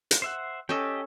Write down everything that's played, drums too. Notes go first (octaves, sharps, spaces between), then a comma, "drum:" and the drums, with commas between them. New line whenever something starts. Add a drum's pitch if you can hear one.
drum: hi-hat
C5 E5 F#5
C#4 G4 A4 D#5 G5